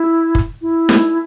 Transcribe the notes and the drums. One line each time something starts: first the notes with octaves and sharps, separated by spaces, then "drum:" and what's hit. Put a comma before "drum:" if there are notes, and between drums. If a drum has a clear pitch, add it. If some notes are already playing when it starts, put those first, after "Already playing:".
Already playing: E4
drum: kick
E4
drum: snare